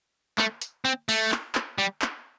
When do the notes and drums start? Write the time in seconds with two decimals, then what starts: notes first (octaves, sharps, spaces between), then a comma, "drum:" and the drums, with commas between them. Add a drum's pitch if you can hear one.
0.38 A3, drum: clap
0.62 drum: hi-hat
0.85 C4
1.09 A3, drum: open hi-hat
1.32 drum: clap
1.55 drum: clap
1.78 G3
2.02 drum: clap